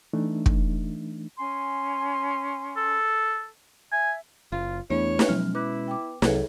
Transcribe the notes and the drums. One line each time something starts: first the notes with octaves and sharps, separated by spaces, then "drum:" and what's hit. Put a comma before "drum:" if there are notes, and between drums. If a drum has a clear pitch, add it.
E3 A3 D4 D#4
drum: kick
C#4 G#5 C6
A4
E5 G#5
F#1 F4
E2 A3 B3 D4 E4 C#5
drum: snare
B2 F3 F#3 G#3 C#4 F6
E4 B4 D6 F#6
G5 D6
C2 C3 F#3 G#4 A4 C#5 F#5, drum: snare